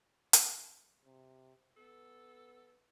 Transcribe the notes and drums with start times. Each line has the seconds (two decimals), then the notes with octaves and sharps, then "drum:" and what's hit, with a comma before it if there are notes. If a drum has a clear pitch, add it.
0.33 drum: hi-hat
1.05 C3
1.76 B3 A4